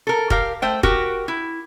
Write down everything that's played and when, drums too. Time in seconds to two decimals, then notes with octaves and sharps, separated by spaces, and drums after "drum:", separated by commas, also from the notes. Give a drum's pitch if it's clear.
0.07 A4 A#4
0.30 G4 A#4 F5, drum: kick
0.62 A3 C5 G5
0.83 F#4 G4 A#4, drum: kick
1.28 E4